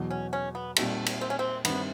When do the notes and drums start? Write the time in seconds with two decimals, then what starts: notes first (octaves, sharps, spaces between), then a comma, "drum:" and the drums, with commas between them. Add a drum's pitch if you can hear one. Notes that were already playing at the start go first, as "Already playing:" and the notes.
Already playing: E2 B2 F#3
0.10 C#4
0.33 C#4
0.55 B3
0.76 A#2 G3 A3 C4 D#4 F#4, drum: cymbal
1.06 drum: cymbal
1.21 C4
1.30 C#4
1.39 C4
1.65 G2 D#3 G3 B3 C4, drum: cymbal